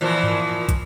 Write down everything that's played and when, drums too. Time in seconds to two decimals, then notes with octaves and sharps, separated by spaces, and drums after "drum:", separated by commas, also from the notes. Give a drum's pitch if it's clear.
0.01 A#2 E3 F3
0.23 drum: tom G2
0.69 drum: kick, hi-hat